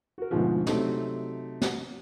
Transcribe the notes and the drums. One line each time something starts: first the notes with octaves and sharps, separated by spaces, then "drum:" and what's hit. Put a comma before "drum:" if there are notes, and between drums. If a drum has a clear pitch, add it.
F#4 A#4
D2 G#2 B2 F3
C3 F#3 A3 C4 D#4, drum: snare
drum: snare